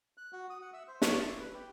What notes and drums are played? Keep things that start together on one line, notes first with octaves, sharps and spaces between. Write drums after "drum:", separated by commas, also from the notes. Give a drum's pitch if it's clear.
F#6
F#4
D#6
F#5
E5
C5
C#5, drum: snare
D5
E4
B4
G4